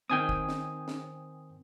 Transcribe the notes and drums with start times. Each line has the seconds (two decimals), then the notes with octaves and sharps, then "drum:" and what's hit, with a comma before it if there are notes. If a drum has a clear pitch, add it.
0.10 D#3 C4 G5 G#5 D#6
0.29 drum: kick
0.49 drum: snare
0.88 drum: snare